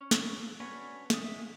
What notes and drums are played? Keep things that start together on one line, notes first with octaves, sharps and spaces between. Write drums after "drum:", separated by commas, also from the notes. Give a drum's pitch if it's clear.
C#4
drum: snare
C#4 D4 F#4 B4 C#5
G#3 E5 D#6, drum: snare